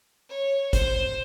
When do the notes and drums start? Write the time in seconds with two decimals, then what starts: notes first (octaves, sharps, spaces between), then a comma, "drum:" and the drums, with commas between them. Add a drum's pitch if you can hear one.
0.29 C#5
0.73 C5, drum: kick, hi-hat